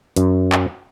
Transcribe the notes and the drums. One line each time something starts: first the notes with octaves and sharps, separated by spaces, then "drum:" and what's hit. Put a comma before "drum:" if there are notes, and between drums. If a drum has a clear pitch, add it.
F#2, drum: hi-hat
drum: clap